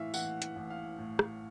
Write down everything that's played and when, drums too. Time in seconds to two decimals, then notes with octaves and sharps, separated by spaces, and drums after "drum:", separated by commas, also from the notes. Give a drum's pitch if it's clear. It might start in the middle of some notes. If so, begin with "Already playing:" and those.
Already playing: A2 E3 E5 F5
0.14 E3 F#5, drum: tambourine
0.42 F#5, drum: hi-hat
0.56 A1
0.70 F5
0.98 A2
1.19 drum: rim click